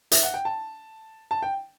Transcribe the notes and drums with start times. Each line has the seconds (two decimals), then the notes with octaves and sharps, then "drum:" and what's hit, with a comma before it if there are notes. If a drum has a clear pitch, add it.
0.12 E5, drum: hi-hat
0.23 F#5
0.34 G5
0.45 A5
1.31 A5
1.43 G5